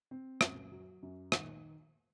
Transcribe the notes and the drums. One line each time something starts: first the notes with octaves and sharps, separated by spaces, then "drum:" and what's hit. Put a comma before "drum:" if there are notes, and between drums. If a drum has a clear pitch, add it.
C4
F#2, drum: rim click
F#3
F#2
D#3, drum: rim click